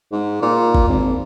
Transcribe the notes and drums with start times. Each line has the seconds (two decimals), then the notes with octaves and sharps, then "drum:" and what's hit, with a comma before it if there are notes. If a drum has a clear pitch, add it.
0.12 G#2
0.42 A#2
0.75 drum: kick G1
0.88 G#1